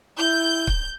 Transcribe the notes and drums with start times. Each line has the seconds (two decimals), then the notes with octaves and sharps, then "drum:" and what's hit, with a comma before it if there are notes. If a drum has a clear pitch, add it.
0.18 E4 G6
0.67 drum: kick